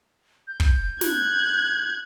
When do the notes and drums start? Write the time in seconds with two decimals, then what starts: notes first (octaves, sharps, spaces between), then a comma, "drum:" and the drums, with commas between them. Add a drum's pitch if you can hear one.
0.48 G6
0.60 drum: kick
1.01 F#6 G#6, drum: snare